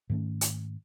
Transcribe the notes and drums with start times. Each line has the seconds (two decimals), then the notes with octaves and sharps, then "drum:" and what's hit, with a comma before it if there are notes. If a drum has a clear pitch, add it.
0.10 G#2 D#3 A3 C#4
0.41 drum: hi-hat